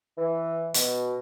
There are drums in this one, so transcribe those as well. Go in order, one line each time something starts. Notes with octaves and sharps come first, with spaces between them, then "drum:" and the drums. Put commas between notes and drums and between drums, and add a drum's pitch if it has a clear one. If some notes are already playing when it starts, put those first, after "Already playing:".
E3
B2, drum: hi-hat